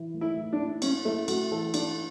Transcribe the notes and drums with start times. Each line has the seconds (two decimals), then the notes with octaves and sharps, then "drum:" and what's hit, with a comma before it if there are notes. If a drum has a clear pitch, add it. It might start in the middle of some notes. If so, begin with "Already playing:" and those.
Already playing: E3
0.14 A3
0.21 E4
0.37 A3
0.53 D4
0.60 E4
0.82 C#4 E4, drum: cymbal
1.05 A3 E4
1.28 A3 F#4, drum: cymbal
1.51 E3 A4
1.74 D4 E4, drum: cymbal